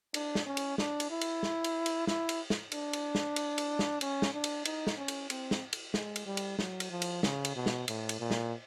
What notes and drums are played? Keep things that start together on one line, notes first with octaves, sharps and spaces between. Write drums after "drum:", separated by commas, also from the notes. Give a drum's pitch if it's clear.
D4, drum: cymbal
drum: snare
C#4
drum: cymbal
D4, drum: snare
drum: cymbal
E4
drum: cymbal
drum: snare
drum: cymbal
drum: cymbal
E4, drum: snare
drum: cymbal
drum: snare
D4, drum: cymbal
drum: cymbal
drum: snare
drum: cymbal
drum: cymbal
drum: snare
C#4, drum: cymbal
drum: snare
D4
drum: cymbal
D#4, drum: cymbal
drum: snare
C#4
drum: cymbal
C4, drum: cymbal
drum: snare
drum: cymbal
G#3, drum: snare
drum: cymbal
G3
drum: cymbal
F#3, drum: snare
drum: cymbal
F3
drum: cymbal
C#3, drum: snare
drum: cymbal
B2
drum: snare
A2, drum: cymbal
drum: cymbal
A#2
drum: snare